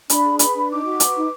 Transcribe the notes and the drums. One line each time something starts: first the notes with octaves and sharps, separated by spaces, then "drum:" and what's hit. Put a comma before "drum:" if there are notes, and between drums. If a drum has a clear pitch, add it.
D4 B5, drum: hi-hat
G#4
B4 B5, drum: hi-hat
D4
D#4 D6
F#4
B4, drum: hi-hat
D#4